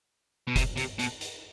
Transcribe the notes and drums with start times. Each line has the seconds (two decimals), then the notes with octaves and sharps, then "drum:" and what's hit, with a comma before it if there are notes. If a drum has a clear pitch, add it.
0.47 B2
0.56 C3, drum: kick F1, hi-hat
0.77 C3, drum: hi-hat
0.99 B2, drum: hi-hat
1.21 drum: hi-hat